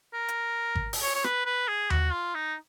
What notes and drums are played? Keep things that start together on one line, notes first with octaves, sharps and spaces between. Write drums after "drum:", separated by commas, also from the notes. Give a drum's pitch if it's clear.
A#4
drum: hi-hat
drum: kick G#1
drum: open hi-hat
C#5
C#5
B4, drum: rim click
B4
G#4
F#4, drum: tom D#2
F4
D#4